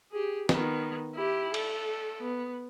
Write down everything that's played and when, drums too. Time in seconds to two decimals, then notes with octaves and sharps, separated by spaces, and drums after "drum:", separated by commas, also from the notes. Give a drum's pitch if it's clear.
0.12 G4 G#4
0.49 D#3 B3, drum: snare
1.15 E4 G4
1.54 A4, drum: cymbal
2.21 B3